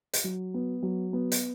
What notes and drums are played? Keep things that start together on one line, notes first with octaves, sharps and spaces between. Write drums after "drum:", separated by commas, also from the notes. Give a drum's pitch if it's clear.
drum: hi-hat
F#3
B3
F#3
B3
drum: hi-hat